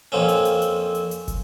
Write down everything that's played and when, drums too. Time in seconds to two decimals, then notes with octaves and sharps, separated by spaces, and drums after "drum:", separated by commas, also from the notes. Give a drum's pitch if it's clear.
0.12 F2 A#3 C4 C#4
0.29 drum: hi-hat
0.45 drum: hi-hat
0.62 drum: hi-hat
0.95 drum: hi-hat
1.11 drum: hi-hat
1.28 drum: kick, hi-hat